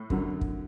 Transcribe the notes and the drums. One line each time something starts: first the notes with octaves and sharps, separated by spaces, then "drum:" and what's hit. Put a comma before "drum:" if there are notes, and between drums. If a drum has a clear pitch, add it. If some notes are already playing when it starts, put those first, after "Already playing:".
Already playing: A2
F#2 D3 F#3, drum: kick
drum: kick